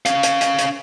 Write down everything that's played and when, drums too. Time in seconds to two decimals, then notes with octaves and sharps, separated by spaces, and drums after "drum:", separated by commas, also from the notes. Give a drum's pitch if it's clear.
0.06 C#4 F5, drum: hi-hat
0.23 drum: hi-hat
0.41 drum: hi-hat
0.59 drum: hi-hat